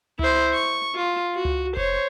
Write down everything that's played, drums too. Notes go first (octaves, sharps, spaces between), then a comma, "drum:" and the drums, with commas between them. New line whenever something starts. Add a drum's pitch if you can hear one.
E4 C5, drum: tom C#2
C#6
F4
F#4
drum: tom C#2
C5 C#5, drum: kick F1